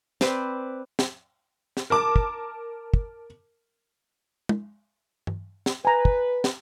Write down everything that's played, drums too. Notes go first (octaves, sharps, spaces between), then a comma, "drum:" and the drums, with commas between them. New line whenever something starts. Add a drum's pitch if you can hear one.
C4 B4 C5 D5, drum: snare
drum: snare
drum: snare
A#4 A5 D6
drum: kick
drum: kick
drum: tom
drum: tom G2
drum: snare
B4 G#5 A#5
drum: kick
drum: snare